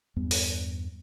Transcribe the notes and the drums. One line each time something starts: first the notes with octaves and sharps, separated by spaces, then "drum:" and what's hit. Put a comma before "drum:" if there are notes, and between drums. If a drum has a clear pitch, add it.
E2 G2 B3
drum: open hi-hat